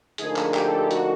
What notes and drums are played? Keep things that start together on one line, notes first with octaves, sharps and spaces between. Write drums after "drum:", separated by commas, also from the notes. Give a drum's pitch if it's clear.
D2 D3 F3 A#3 D#4 G#4, drum: hi-hat
drum: clap
G4, drum: clap
A4
G4
F#4, drum: hi-hat